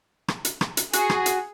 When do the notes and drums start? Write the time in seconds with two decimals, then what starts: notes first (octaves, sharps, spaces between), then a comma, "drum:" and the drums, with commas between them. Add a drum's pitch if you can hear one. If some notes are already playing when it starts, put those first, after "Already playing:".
0.28 drum: rim click
0.45 drum: hi-hat
0.61 drum: rim click
0.77 drum: hi-hat
0.93 F#4 G#4, drum: hi-hat
1.10 drum: rim click
1.26 drum: hi-hat